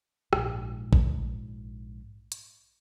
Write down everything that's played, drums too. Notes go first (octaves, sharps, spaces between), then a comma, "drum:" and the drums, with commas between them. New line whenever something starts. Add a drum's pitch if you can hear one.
A#1 G#2, drum: rim click
drum: kick A1
drum: hi-hat